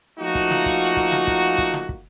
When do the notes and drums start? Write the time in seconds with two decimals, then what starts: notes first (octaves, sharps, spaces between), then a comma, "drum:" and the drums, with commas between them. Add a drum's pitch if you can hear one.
0.20 F3 A3 A#3 D#4 F4 F#4
0.35 drum: kick
0.50 drum: snare
0.66 drum: kick
0.97 drum: kick
1.12 drum: snare
1.27 drum: kick
1.58 drum: kick
1.74 drum: snare
1.89 drum: kick